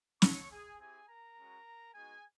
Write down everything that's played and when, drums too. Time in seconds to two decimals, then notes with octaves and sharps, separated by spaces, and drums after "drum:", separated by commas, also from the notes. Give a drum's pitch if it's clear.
0.22 C4 D#4 F#4 C#5 C#6, drum: snare
0.51 G#4 G#5
0.79 C4 E4 G4 G#4 G#5
1.09 A#4 A#5
1.37 G#3 C#4 F#4
1.94 G#3 B3 D#4 F#4 G#4 G#5